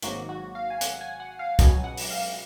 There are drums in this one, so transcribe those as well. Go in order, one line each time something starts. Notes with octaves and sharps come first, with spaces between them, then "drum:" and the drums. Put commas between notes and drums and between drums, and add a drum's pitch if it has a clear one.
G#1 G#2 F#3 A#3 F#4, drum: hi-hat
F#4
F5
G#5
F#5, drum: hi-hat
G#5
F#5
F5
C#2 B2 F#3 B3 G#5, drum: kick, hi-hat
F#5
drum: open hi-hat
F5